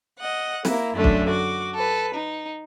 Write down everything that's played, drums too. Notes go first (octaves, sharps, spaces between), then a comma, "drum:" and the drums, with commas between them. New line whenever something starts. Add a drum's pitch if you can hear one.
D#5 F#5
A#3 E4, drum: snare
F#2 D3 A3 D4
drum: kick
F#4 D6
A4 B4
D#4